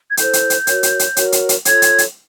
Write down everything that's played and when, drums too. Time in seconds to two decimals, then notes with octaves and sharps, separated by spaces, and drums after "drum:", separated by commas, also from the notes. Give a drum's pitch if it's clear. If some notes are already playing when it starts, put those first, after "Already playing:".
0.09 G#6
0.17 E4 A4 C5 G6, drum: hi-hat
0.33 drum: hi-hat
0.50 drum: hi-hat
0.67 F#4 A#4 C#5, drum: hi-hat
0.83 drum: hi-hat
0.99 drum: hi-hat
1.17 F#4 A#4 C#5, drum: hi-hat
1.32 drum: hi-hat
1.49 drum: hi-hat
1.65 F4 A4 C#5 G#6, drum: hi-hat
1.82 drum: hi-hat
1.98 drum: hi-hat